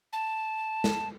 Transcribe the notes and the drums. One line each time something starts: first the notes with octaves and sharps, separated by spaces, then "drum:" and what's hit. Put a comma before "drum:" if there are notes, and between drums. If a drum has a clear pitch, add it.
A5
drum: snare